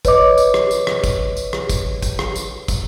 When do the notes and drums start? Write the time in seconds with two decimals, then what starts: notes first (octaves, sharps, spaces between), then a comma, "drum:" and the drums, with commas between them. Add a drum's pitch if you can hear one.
0.05 B4 C#5 D#5 D6, drum: kick, tambourine
0.38 drum: tambourine
0.54 drum: rim click
0.71 drum: tambourine
0.87 drum: rim click
1.04 drum: kick, tambourine
1.37 drum: tambourine
1.53 drum: rim click
1.69 drum: kick, tambourine
2.02 drum: kick, tambourine
2.19 drum: rim click
2.35 drum: tambourine
2.68 drum: kick, tambourine